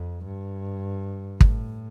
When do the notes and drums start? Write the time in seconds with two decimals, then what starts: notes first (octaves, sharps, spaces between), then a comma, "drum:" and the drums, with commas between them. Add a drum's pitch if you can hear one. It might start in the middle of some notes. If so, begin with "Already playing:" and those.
Already playing: F2
0.24 G2
1.41 A2, drum: kick